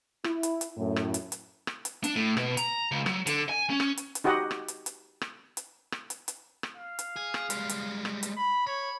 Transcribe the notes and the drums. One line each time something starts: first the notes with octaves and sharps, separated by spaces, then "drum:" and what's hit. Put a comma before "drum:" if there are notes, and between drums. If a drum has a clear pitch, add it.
E4, drum: rim click
drum: hi-hat
drum: hi-hat
F#2 A2
drum: rim click
drum: hi-hat
drum: hi-hat
drum: rim click
drum: hi-hat
D4, drum: hi-hat
A2
B2, drum: rim click
A#5, drum: hi-hat
C#2
F#3, drum: rim click
D3, drum: hi-hat
G#5
C#4
drum: rim click
drum: hi-hat
drum: hi-hat
D#4 F#4 G4 D#5 F#5
drum: rim click
drum: hi-hat
drum: hi-hat
drum: rim click
drum: hi-hat
drum: rim click
drum: hi-hat
drum: hi-hat
drum: rim click
F5
drum: hi-hat
G#4
drum: rim click
G3 G#3, drum: hi-hat
drum: hi-hat
drum: rim click
drum: hi-hat
B5
C#5 B5